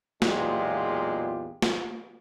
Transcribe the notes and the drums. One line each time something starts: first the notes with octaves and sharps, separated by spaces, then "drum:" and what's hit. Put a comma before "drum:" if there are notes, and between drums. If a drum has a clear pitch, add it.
B1 E2 A#2 G#3 F4 G4, drum: snare
drum: snare